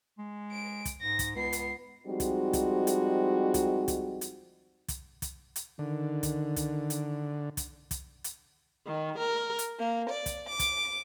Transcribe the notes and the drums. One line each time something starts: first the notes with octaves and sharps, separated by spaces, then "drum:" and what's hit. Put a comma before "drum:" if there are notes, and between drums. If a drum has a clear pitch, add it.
G#3
D7
drum: kick, hi-hat
G#2 A#6
drum: kick, hi-hat
C#2 B3 C7
drum: hi-hat
F3 G3 G#3 C4 D#4 F#4
drum: kick, hi-hat
drum: kick, hi-hat
drum: hi-hat
drum: kick, hi-hat
drum: kick, hi-hat
drum: hi-hat
drum: kick, hi-hat
drum: kick, hi-hat
drum: hi-hat
D3 D#3
drum: kick, hi-hat
drum: kick, hi-hat
drum: hi-hat
drum: kick, hi-hat
drum: kick, hi-hat
drum: hi-hat
D#3
A#4
drum: hi-hat
A#3
D5
drum: kick, hi-hat
D6
drum: kick, hi-hat